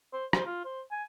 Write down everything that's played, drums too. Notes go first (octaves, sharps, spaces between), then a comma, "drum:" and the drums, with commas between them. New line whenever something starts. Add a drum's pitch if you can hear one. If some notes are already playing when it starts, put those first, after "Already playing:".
C5
C5, drum: rim click
F4
C5
G#5